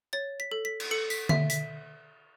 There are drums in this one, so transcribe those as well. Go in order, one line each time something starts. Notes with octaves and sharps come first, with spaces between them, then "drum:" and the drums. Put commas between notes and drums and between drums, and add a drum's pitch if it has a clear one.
C#5 A6
B6
A4
B6
drum: cymbal
A4 C#7
B6, drum: tambourine
E5 B6, drum: tom D3
B6, drum: hi-hat